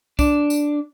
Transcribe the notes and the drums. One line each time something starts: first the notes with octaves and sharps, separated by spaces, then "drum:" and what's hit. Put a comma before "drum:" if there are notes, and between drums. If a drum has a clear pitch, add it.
D4, drum: kick, tambourine
drum: tambourine